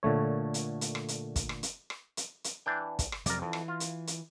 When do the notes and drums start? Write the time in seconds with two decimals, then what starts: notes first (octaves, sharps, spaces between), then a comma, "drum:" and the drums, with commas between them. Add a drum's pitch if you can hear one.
0.03 A#2 D3 A3 C#5
0.54 drum: hi-hat
0.81 drum: hi-hat
0.95 drum: rim click
1.08 drum: hi-hat
1.36 drum: kick, hi-hat
1.49 drum: rim click
1.63 drum: hi-hat
1.90 drum: rim click
2.17 drum: hi-hat
2.44 drum: hi-hat
2.66 E3 D4 G5
2.99 drum: kick, hi-hat
3.12 drum: rim click
3.26 F2 C3 F#3 A#4 D5, drum: hi-hat
3.42 F2 E3
3.53 drum: rim click
3.68 F4
3.80 drum: hi-hat
4.07 drum: hi-hat